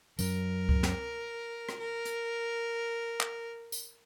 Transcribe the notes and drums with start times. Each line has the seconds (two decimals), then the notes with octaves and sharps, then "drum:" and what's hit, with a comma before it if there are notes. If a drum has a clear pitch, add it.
0.19 F#2 F#3 A#4, drum: tambourine
0.69 drum: kick C#2
0.83 drum: snare
1.69 drum: rim click
1.79 A#4
2.05 drum: hi-hat
3.20 drum: clap
3.72 drum: tambourine